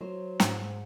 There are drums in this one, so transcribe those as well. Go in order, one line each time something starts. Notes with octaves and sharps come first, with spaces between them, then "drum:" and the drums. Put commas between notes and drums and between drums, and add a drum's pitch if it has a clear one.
F#3 C5
G#2, drum: snare